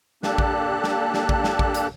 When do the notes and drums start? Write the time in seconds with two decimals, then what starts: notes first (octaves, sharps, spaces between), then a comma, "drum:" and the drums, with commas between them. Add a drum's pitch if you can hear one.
0.23 A#3 D4 G4 A4 A5 F#6, drum: snare
0.38 drum: kick A1
0.84 drum: snare
1.14 drum: snare
1.29 drum: kick A1
1.44 drum: snare
1.59 drum: kick A1
1.74 drum: hi-hat